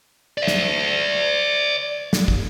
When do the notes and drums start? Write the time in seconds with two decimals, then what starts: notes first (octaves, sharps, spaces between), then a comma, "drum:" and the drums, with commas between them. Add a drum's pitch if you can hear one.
0.38 D5 E5
0.47 drum: snare
2.13 drum: snare
2.28 drum: kick